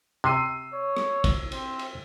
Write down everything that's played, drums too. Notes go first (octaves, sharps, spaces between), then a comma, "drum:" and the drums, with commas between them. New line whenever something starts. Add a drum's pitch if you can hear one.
C3 E6 C7 D#7
C#5
drum: rim click
drum: kick, cymbal
C4, drum: cymbal
drum: cymbal